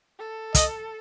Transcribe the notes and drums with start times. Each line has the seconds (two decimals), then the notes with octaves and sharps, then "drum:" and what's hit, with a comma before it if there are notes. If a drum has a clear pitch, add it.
0.19 A4
0.55 D#5, drum: kick, hi-hat